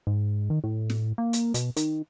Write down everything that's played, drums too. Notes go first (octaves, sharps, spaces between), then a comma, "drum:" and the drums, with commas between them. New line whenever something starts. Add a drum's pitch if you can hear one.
G#2
D#3
A2
drum: snare
A#3
drum: hi-hat
B2, drum: hi-hat
D#3, drum: hi-hat